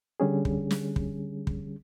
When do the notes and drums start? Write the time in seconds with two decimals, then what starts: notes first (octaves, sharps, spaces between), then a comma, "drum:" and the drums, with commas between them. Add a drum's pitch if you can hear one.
0.20 D3 G3 C#4 G#4
0.45 drum: kick
0.71 drum: snare
0.96 drum: kick
1.47 drum: kick